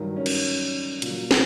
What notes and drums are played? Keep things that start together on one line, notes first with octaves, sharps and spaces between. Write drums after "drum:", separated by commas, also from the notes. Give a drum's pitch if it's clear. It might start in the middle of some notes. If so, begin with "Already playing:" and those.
Already playing: G2 D#3 F#3
C#4
drum: cymbal
A#2, drum: hi-hat
F#3
C4, drum: snare